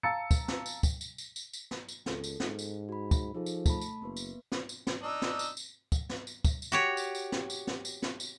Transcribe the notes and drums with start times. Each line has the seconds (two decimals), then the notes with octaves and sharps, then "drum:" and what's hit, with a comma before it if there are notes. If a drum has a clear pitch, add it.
0.03 F5 A5 A#5 E6 A6 C#7
0.31 drum: kick, tambourine
0.48 drum: snare
0.66 drum: tambourine
0.83 drum: kick, tambourine
1.01 drum: tambourine
1.18 drum: tambourine
1.36 drum: tambourine
1.53 drum: tambourine
1.71 drum: snare
1.89 drum: tambourine
2.06 C#2 A4, drum: snare
2.24 drum: tambourine
2.40 G#2, drum: snare
2.59 drum: tambourine
2.89 F#4 B5
3.11 drum: kick, tambourine
3.35 F3 D#4 G#4 A4
3.46 drum: tambourine
3.66 A3 A5 B5, drum: kick, tambourine
3.81 drum: tambourine
4.02 F#1 A#3 B3 B4
4.17 drum: tambourine
4.52 drum: snare
4.69 drum: tambourine
4.87 drum: snare
5.03 D4 D#4 E6
5.22 drum: snare
5.39 drum: tambourine
5.57 drum: tambourine
5.92 drum: kick, tambourine
6.09 drum: snare
6.27 drum: tambourine
6.45 drum: kick, tambourine
6.62 drum: tambourine
6.72 F#4 G4 C#5
6.97 drum: tambourine
7.15 drum: tambourine
7.32 drum: snare
7.50 drum: tambourine
7.67 drum: snare
7.85 drum: tambourine
8.02 drum: snare
8.20 drum: tambourine